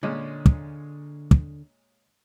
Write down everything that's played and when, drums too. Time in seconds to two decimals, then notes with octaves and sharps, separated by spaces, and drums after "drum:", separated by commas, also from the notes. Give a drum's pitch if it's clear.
0.03 A#2 D3 G#3 C#4
0.46 drum: kick
1.31 drum: kick